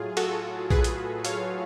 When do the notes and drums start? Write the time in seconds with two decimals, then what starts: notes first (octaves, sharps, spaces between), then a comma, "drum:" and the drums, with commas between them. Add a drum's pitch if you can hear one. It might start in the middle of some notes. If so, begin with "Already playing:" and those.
Already playing: A2 F#3 F4 G#4
0.17 F#4 A4, drum: cymbal
0.70 G#4 B4, drum: kick
0.84 drum: hi-hat
1.25 C#5 F5, drum: hi-hat